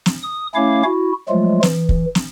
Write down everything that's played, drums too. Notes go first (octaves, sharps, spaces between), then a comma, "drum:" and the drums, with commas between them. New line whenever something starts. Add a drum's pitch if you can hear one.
drum: snare
D#6
A3 C#4 E4 C#5 F5 D6
E4 F#4
F3 F#3 G#3 A3 F4
E3, drum: snare
drum: kick
drum: snare